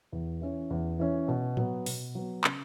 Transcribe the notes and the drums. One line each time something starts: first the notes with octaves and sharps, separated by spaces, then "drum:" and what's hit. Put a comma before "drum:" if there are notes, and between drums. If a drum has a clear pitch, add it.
E2
E3 C#4
E2
E3 C#4
B2
F#3 B3, drum: tom A2
B2, drum: open hi-hat
F#3 B3
C#3, drum: clap